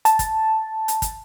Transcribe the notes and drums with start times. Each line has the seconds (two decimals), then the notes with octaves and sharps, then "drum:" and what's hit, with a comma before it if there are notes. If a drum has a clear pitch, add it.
0.05 A5, drum: hi-hat
0.19 drum: kick, hi-hat
0.88 drum: hi-hat
1.02 drum: kick, hi-hat